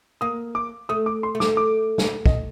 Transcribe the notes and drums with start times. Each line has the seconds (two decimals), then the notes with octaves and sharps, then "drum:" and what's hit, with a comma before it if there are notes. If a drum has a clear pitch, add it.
0.21 A#3 D#6
0.55 D6
0.89 A3 D#6
1.06 D6
1.23 C6
1.35 A3
1.40 D6, drum: snare
1.57 D6
1.98 drum: snare
2.26 D#5, drum: kick